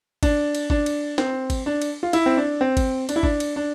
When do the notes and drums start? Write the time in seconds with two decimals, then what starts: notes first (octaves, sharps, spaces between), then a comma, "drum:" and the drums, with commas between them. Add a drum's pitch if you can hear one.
0.23 D4, drum: kick G#1, cymbal
0.55 drum: cymbal
0.70 D4, drum: kick G#1
0.86 drum: cymbal
1.18 C4, drum: snare
1.50 drum: kick G#1, cymbal
1.66 D4
1.82 drum: cymbal
2.03 F4
2.13 E4, drum: cymbal
2.26 C4
2.37 D4
2.61 C4
2.77 drum: kick G#1, cymbal
3.09 D4, drum: cymbal
3.16 E4
3.23 D4, drum: kick G#1
3.40 drum: cymbal
3.56 D4